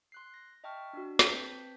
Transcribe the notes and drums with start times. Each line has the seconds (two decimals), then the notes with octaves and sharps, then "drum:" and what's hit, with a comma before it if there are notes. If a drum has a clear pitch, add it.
0.12 C6 F#6 C7
0.34 A#6
0.64 D#5 E5 G5 A5 C#6 F6
0.93 D4 F#4
1.19 C4 B4 A5 G6 B6, drum: snare